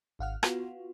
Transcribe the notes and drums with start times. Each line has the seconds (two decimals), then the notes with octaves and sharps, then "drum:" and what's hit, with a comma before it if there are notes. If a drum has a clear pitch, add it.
0.19 G#1 F5 F#5 F6
0.43 B3 F4 F#4, drum: rim click